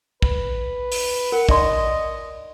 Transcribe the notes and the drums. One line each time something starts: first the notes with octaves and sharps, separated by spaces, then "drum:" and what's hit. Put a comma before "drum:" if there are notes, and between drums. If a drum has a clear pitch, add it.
B4, drum: kick
drum: open hi-hat
A#4 F#5
D#4 D5 D#5 C6, drum: kick